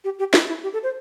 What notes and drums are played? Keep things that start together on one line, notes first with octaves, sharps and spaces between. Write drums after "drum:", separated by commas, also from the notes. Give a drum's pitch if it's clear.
G4
G4
E4, drum: snare
E4
G4
A4
C5